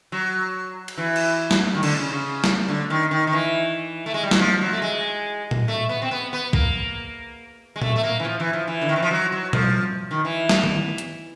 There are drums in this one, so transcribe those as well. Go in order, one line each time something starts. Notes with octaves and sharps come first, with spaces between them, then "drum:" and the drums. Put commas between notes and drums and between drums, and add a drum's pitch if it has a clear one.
F#3
drum: cymbal
E3
drum: cymbal
drum: snare
D#3
D3, drum: cymbal
C#3
C#3
drum: snare
D3
D#3
D#3
D#3
E3
A3
G#3
G3
F#3, drum: snare
F3
F#3
A3
G#3
drum: tom A#2
A3
B3
C4
B3
B3
A#3, drum: kick
G#3
A3, drum: tom A#2
A3
A#3
E3
F3
E3
F3
E3
D3
D#3
E3
F3
F#3
F#3
F3, drum: tom B2
D#3
E3
drum: snare
drum: tom D#3
drum: hi-hat